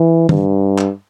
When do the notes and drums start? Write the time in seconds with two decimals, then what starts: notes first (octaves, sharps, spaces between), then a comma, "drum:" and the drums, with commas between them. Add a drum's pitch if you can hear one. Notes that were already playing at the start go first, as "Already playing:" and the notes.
Already playing: E3
0.29 G2, drum: tom D#3
0.78 drum: clap